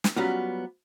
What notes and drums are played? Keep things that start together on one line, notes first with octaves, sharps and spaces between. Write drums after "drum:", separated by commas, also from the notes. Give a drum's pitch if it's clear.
drum: snare
F#3 G3 B3 C#4 F4